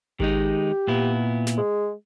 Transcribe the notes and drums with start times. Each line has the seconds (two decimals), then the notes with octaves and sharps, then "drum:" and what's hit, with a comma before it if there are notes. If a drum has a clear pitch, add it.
0.20 D#3 G#3 D#4 G4, drum: kick G#1
0.88 A#2 B3 E4
1.47 drum: snare
1.57 G#3